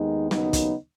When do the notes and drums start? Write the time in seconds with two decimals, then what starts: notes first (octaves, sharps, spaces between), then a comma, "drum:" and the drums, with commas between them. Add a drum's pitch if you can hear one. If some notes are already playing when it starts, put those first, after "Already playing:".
Already playing: D#2 D#3 G#3 B3 D#4
0.31 D#2 C#3 F#3 B3 D#4, drum: snare
0.53 drum: kick, hi-hat